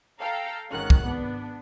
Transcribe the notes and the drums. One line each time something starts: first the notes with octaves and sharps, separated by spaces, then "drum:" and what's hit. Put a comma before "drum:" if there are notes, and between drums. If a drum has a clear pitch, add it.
A4 F5 G5 A#5
G#1 D#3 C#4 F#5 F#6
drum: kick
B3 D4